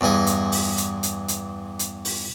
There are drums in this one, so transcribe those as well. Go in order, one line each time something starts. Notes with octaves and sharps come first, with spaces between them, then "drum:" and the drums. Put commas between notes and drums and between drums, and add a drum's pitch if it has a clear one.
E2 G2 E3 G#4 D#5
drum: hi-hat
drum: open hi-hat
drum: hi-hat
drum: hi-hat
drum: hi-hat
drum: hi-hat
drum: open hi-hat